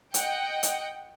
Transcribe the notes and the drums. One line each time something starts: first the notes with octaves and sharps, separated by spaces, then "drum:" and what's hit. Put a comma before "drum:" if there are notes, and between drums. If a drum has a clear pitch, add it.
D#5 F#5 G5, drum: hi-hat
drum: hi-hat